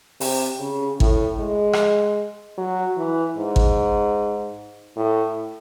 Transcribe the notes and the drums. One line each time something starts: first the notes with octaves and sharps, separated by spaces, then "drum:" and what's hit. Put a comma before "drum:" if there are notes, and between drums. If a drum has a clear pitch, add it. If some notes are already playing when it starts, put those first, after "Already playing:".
C3, drum: open hi-hat
C#3
A2, drum: kick
G#3
drum: rim click
F#3
E3
G#2
drum: kick
A2